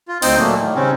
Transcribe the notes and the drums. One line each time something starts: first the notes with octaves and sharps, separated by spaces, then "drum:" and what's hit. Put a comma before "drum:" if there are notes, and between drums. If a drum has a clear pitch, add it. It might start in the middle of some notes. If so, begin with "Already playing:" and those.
F4
D2 C4 D#4 C5 D#5 G5, drum: open hi-hat
A#2 F#3 A3 A#3
A2 D#3
C#3 G3 C4 C#4 D#4